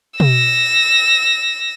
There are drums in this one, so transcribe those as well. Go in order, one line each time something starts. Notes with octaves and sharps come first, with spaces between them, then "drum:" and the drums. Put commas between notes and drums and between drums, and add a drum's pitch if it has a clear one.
E6 A#6, drum: tom B2